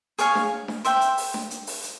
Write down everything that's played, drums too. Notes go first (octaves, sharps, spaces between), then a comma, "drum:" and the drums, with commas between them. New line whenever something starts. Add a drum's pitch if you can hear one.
G#4 C#5 F5 G#5, drum: hi-hat
drum: snare D4
drum: snare D4
C5 E5 G5, drum: hi-hat
drum: hi-hat
drum: open hi-hat
drum: snare D4
drum: hi-hat
drum: open hi-hat
drum: hi-hat